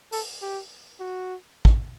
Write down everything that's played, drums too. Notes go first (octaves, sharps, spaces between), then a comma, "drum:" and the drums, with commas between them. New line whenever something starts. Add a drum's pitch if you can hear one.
A4, drum: open hi-hat
G4
F#4
drum: kick